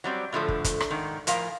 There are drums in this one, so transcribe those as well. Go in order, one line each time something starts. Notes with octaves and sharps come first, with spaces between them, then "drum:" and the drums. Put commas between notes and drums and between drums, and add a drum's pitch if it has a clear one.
F#3 G3 C4 D5
A2 D3 F3 A3
drum: kick
drum: kick, hi-hat
drum: rim click
G#2 D#3
A2 F3 A#4 F5 G#5, drum: hi-hat